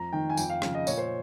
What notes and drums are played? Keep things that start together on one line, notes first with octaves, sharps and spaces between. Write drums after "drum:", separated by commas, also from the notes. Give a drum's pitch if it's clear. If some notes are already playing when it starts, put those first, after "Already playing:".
Already playing: F2 A#5
D#3 G5
G#5
F2 G5, drum: tambourine
F5
C#3 F3 F5, drum: rim click
D#5
A#2 C#5, drum: tambourine
C5